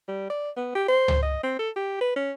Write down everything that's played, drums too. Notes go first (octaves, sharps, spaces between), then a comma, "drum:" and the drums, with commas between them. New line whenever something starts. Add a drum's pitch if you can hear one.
G3
D5
B3
G4
C5
drum: tom C#2
D#5
C4
A4
G4
B4
C#4